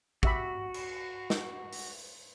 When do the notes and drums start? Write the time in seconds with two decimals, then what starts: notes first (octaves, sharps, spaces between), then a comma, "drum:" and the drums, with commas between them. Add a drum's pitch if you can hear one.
0.23 F#4 G4 E5 B5, drum: kick
0.74 drum: cymbal
1.30 drum: snare
1.73 drum: open hi-hat